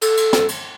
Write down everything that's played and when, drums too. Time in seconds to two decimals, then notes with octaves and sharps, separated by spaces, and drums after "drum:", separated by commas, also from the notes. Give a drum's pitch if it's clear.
0.02 A4, drum: cymbal
0.17 drum: cymbal
0.33 drum: snare
0.49 drum: cymbal